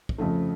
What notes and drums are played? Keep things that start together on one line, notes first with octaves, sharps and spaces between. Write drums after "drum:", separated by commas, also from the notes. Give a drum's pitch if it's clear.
drum: kick
F2 C#3 F3 A3